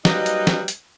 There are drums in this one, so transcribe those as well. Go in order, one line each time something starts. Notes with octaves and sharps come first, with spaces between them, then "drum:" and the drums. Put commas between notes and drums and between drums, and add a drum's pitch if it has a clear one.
F#3 G3 A#3 D#4 B4 D#5, drum: snare
drum: hi-hat
drum: snare
drum: hi-hat